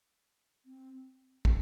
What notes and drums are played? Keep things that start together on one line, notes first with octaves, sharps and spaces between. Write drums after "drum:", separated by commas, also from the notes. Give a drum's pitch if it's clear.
C4
C4, drum: kick